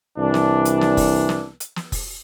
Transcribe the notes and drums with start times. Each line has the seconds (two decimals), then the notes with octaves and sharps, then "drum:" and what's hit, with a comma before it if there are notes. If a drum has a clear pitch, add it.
0.18 C2 E3 D4
0.34 drum: snare
0.65 drum: hi-hat
0.81 drum: snare
0.97 drum: kick F1, open hi-hat
1.29 drum: snare
1.60 drum: hi-hat
1.76 drum: snare
1.92 drum: kick F1, open hi-hat